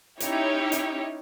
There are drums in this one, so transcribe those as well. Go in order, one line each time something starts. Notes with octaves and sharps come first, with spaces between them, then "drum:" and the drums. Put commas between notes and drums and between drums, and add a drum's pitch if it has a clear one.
C#4 D#4 E4 G4 C#5, drum: hi-hat
drum: hi-hat